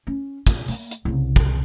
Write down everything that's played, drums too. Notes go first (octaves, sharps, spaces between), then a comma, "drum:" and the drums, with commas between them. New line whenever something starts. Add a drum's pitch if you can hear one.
C#4
F4, drum: kick, hi-hat
A#3, drum: open hi-hat
drum: hi-hat
C2 C#3
drum: kick